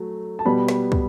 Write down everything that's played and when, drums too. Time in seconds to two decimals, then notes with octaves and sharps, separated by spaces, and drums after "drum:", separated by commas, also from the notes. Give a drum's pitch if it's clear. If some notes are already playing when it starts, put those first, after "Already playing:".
Already playing: F#3 A3
0.39 A5
0.45 B2 G3 B3 B5
0.68 drum: snare
0.92 drum: kick